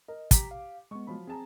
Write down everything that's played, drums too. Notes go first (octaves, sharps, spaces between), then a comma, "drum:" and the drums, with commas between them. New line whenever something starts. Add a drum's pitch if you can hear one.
A#4 D#5
G4 A#5 D6 B6, drum: kick, hi-hat
F5
G#3 B3 C#6
F3 F#3 B5
C4 G#4 A5 A#5